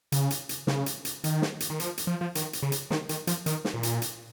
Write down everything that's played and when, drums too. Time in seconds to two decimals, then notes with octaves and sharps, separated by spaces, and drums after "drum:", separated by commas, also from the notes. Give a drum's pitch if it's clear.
0.12 C#3, drum: hi-hat
0.31 drum: hi-hat
0.49 drum: hi-hat
0.67 C#3, drum: snare
0.86 drum: hi-hat
1.05 drum: hi-hat
1.24 D#3, drum: hi-hat
1.42 drum: snare
1.60 drum: hi-hat
1.70 D#3
1.80 F3, drum: hi-hat
1.98 drum: hi-hat
2.07 F3
2.21 F3
2.35 D#3, drum: hi-hat
2.53 drum: hi-hat
2.63 C#3
2.72 drum: hi-hat
2.91 D#3, drum: snare
3.09 D#3, drum: hi-hat
3.27 F3, drum: hi-hat
3.46 D#3, drum: hi-hat
3.65 drum: snare
3.74 A#2
3.83 drum: hi-hat
4.02 drum: hi-hat